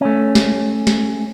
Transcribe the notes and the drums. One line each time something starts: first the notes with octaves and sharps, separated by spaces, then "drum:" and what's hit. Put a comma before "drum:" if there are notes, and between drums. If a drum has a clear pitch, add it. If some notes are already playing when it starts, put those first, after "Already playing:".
A3 C#4
drum: snare
drum: snare